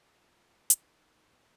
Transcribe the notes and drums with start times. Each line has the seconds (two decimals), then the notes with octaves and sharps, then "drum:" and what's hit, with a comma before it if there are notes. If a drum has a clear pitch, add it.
0.17 F3
0.70 D#3, drum: hi-hat
1.29 A#2 B3